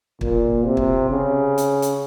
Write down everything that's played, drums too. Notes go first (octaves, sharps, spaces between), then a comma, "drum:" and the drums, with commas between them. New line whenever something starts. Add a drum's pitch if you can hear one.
A#2, drum: kick
C3
drum: kick
C#3
drum: hi-hat
drum: hi-hat